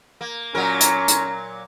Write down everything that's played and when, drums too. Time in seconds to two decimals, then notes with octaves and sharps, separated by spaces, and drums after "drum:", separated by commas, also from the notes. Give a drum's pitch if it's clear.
0.21 A#3
0.55 A#2 F#3 C#4 A#4 A#5
0.81 drum: hi-hat
1.08 drum: hi-hat